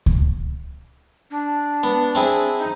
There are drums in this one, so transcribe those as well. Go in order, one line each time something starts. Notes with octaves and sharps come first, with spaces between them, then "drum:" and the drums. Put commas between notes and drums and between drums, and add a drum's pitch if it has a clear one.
drum: kick C#2
D4
B3
C4 E4 G#4
D#4